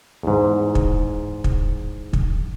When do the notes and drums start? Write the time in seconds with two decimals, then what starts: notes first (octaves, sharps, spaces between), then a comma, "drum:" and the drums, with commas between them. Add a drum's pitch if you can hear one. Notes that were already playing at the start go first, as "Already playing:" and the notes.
0.23 E2 G#2
0.75 drum: kick
1.44 drum: kick
2.13 drum: kick